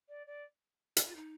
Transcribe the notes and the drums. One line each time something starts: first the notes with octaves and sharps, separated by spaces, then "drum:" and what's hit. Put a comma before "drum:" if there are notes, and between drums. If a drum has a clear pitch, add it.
D5
D5
drum: hi-hat
F4
D#4